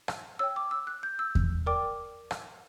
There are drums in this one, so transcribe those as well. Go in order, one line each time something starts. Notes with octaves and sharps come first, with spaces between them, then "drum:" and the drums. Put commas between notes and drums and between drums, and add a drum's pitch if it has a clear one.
drum: rim click
C#5 G5 E6
D6
E6
F#6
G6
E6
drum: kick E2
A#4 D5 G5 D6
drum: rim click